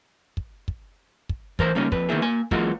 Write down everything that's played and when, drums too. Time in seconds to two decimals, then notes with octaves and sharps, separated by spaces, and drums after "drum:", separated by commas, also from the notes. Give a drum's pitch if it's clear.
0.37 drum: kick
0.68 drum: kick
1.29 drum: kick
1.59 E3 A#4 C5 A#5, drum: kick
1.75 C#3 G3 A#3 C#4 D#4
1.92 F2 B4, drum: kick
2.09 D#3 A#3 B3 E4 G#4
2.22 A#3 G#5
2.51 F#2 E3 G#3 A#3 F4 F#4, drum: kick